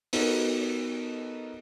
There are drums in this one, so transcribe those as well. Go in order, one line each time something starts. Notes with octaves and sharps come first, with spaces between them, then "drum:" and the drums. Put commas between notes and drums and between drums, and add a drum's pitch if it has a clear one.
B3 D#4 F#4 A4 A#4, drum: open hi-hat